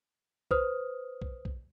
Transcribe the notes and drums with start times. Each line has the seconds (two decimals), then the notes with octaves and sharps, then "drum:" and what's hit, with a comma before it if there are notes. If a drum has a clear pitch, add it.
0.51 B4 C5 D#6 F6, drum: kick B1
1.22 drum: kick B1
1.45 drum: kick B1